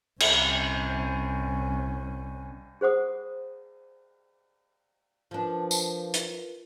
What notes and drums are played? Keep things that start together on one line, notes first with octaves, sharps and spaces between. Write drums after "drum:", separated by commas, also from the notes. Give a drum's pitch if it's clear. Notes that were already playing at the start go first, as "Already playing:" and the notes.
C2 C#4, drum: cymbal
G#4 C5 F#5 D#6
F3 D4 F4 A#4 B4
drum: tambourine
drum: hi-hat